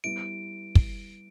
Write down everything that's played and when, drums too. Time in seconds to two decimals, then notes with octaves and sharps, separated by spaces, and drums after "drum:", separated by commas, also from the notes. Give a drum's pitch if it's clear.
0.04 G3 B3 E4 D7
0.75 drum: kick